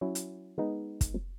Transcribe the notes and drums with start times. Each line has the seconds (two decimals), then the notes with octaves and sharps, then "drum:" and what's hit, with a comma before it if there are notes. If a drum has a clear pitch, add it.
0.01 F#3 C#4 E4
0.15 drum: hi-hat
0.58 G#3 B3 D#4
1.01 drum: kick, hi-hat